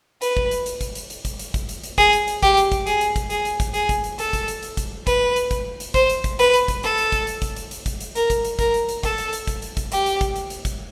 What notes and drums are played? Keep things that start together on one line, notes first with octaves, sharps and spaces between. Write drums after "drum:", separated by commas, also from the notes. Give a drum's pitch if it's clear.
B4, drum: hi-hat
drum: kick
drum: hi-hat
drum: hi-hat
drum: kick, hi-hat
drum: hi-hat
drum: hi-hat
drum: kick, hi-hat
drum: hi-hat
drum: kick, hi-hat
drum: hi-hat
drum: hi-hat
G#4, drum: kick, hi-hat
drum: hi-hat
drum: hi-hat
G4, drum: kick, hi-hat
drum: hi-hat
drum: kick, hi-hat
G#4, drum: hi-hat
drum: hi-hat
drum: kick, hi-hat
G#4, drum: hi-hat
drum: hi-hat
drum: kick, hi-hat
G#4, drum: hi-hat
drum: kick, hi-hat
drum: hi-hat
A4, drum: hi-hat
drum: kick, hi-hat
drum: hi-hat
drum: hi-hat
drum: kick, hi-hat
B4, drum: kick, hi-hat
drum: hi-hat
drum: kick, hi-hat
drum: hi-hat
C5, drum: kick, hi-hat
drum: hi-hat
drum: kick, hi-hat
B4, drum: hi-hat
drum: hi-hat
drum: kick, hi-hat
A4, drum: hi-hat
drum: hi-hat
drum: kick, hi-hat
drum: hi-hat
drum: kick, hi-hat
drum: hi-hat
drum: hi-hat
drum: kick, hi-hat
drum: hi-hat
A#4, drum: hi-hat
drum: kick, hi-hat
drum: hi-hat
A#4, drum: kick, hi-hat
drum: hi-hat
drum: hi-hat
A4, drum: kick, hi-hat
drum: hi-hat
drum: hi-hat
drum: kick, hi-hat
drum: hi-hat
drum: kick, hi-hat
G4, drum: hi-hat
drum: hi-hat
drum: kick, hi-hat
drum: hi-hat
drum: hi-hat
drum: kick, hi-hat